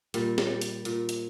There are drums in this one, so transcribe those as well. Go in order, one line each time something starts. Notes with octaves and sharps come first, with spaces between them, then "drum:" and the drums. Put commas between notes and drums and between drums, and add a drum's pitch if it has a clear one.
A#2 G3, drum: hi-hat
drum: snare
G3
drum: hi-hat
A#2, drum: hi-hat
drum: hi-hat